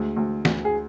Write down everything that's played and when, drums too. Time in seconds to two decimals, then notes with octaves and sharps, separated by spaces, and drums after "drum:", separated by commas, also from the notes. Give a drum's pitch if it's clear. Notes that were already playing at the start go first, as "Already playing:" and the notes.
Already playing: D2 G#3
0.17 D2
0.45 D2, drum: snare
0.65 G#4